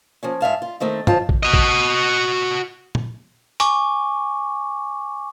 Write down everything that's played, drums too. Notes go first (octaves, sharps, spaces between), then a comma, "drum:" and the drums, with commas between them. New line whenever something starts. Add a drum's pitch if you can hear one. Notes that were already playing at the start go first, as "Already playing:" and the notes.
F3 A#3 C#4
G#2 E5 F5 A5
F4
D#3 A3 C4 D#4
G#2 D#3 C#4 F4 C5 A5, drum: tom
drum: kick A1
F#4 D#5
drum: kick A1
drum: tom
G#5 C#6 D6, drum: hi-hat